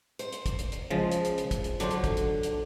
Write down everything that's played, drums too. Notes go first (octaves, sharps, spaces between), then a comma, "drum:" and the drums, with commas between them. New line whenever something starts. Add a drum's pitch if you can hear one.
C5, drum: hi-hat
drum: hi-hat
drum: kick, hi-hat
drum: hi-hat
drum: hi-hat
C#3 F3 G#3
drum: hi-hat
drum: hi-hat
drum: hi-hat
drum: kick, hi-hat
drum: hi-hat
D3 F#3 D4 A4 C5, drum: hi-hat
drum: hi-hat
drum: kick, hi-hat
drum: hi-hat
drum: hi-hat